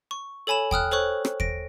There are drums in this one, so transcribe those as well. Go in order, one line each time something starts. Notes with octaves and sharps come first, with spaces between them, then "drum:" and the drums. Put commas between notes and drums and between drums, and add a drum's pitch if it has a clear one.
C#6
A4 C#5 G#5 B5 E7
G5 D#6 F6 F#6, drum: kick
A4 C5 C#5 C#6 F#6
drum: rim click
A#6 D7, drum: kick